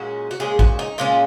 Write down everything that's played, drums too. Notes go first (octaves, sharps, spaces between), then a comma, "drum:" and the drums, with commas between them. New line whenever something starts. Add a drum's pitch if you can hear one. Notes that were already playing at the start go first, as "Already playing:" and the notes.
Already playing: A#2 G#3 C#4 F#4
F#4
A#2 G#3 C#4 G#4
F#4, drum: kick
D#4
A#2 G#3 C#4 F4